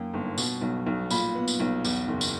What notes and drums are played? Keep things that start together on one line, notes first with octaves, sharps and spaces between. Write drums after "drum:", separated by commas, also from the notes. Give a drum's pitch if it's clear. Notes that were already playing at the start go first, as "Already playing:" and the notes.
Already playing: F#2 A#3 G5
G1
B2, drum: tambourine
B1
B1
A#2 B5, drum: tambourine
B3
drum: tambourine
B1
E2, drum: tambourine
F#1
drum: tambourine